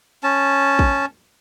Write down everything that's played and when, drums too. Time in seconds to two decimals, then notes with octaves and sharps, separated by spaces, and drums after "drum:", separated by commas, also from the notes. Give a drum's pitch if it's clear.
0.23 C#4 A5
0.79 drum: kick